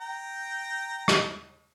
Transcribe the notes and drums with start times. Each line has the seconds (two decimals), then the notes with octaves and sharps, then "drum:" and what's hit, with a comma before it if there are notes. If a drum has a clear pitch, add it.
0.01 G5 A#5
1.08 drum: rim click